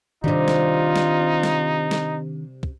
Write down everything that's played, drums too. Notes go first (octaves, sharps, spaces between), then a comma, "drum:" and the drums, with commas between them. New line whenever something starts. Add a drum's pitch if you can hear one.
C3 D#3 G3 D4 D#4 F4
drum: snare
drum: snare
drum: snare
drum: snare
drum: kick